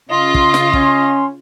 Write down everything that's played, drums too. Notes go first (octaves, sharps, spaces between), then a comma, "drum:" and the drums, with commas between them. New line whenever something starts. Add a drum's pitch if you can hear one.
C#3 F4 D#5 C6
drum: kick
drum: snare
C#4, drum: kick